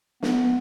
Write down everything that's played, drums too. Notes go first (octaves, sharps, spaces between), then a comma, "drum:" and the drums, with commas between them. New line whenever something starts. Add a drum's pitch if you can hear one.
B3, drum: snare